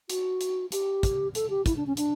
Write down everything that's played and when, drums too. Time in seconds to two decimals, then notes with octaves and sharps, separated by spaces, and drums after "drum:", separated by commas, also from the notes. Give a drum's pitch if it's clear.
0.10 F#4, drum: hi-hat
0.41 drum: hi-hat
0.72 G4, drum: hi-hat
1.03 drum: kick, hi-hat
1.35 A4, drum: hi-hat
1.50 G4
1.66 E4, drum: kick, hi-hat
1.77 D4
1.87 C#4
1.97 D4, drum: hi-hat